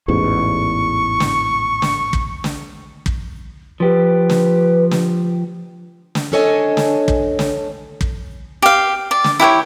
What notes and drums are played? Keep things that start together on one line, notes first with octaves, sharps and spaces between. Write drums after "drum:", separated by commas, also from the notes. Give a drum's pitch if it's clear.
A1 E2 G#2 C#6
drum: snare
drum: snare
drum: kick
drum: snare
drum: kick
F3 G4 B4
drum: snare
drum: snare
drum: snare
C#4 D4 A4 C#5 D#5 G#5
drum: snare
drum: kick
drum: snare
drum: kick
G4 F5
D5
drum: snare
E4 G4 B4 C#5